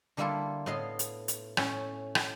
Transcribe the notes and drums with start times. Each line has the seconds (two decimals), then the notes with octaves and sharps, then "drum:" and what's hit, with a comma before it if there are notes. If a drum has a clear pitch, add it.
0.17 D3 G3 A#3 E4 F4 A4
0.66 A2 B3 D#5 F5 C6
0.99 drum: hi-hat
1.28 drum: hi-hat
1.57 A2 C#4, drum: rim click
2.15 drum: rim click